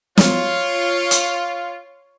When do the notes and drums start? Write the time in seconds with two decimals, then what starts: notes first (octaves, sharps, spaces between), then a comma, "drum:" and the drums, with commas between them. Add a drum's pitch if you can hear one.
0.17 F4 C#5, drum: snare
1.11 drum: hi-hat